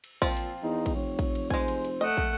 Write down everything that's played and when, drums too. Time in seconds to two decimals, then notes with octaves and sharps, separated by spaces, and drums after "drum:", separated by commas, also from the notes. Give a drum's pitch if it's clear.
0.04 drum: cymbal
0.22 A#2 F3 C4 F4, drum: kick, cymbal
0.37 drum: cymbal
0.63 E2 D#4
0.86 drum: kick, cymbal
0.95 F1 C#5
1.19 drum: kick, cymbal
1.35 drum: cymbal
1.50 G#3 C5 G#5, drum: kick, cymbal
1.68 drum: cymbal
1.85 drum: cymbal
2.01 A3 D#5 F#5
2.17 drum: kick